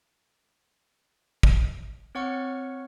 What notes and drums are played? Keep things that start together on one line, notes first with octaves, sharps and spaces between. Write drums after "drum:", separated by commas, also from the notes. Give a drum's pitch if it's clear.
drum: kick
C4 C#5 F#5 C#6 F6 C#7